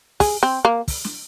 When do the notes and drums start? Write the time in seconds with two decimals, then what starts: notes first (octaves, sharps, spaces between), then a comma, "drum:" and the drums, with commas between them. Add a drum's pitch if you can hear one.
0.20 G#4, drum: kick, open hi-hat
0.43 C4
0.65 A#3
0.88 drum: kick, open hi-hat
1.04 drum: snare